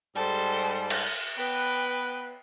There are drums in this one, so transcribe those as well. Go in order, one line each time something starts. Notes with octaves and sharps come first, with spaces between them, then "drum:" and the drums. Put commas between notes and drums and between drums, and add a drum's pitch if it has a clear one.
G#2 G3 A4 C5
drum: cymbal
B3 B4 G5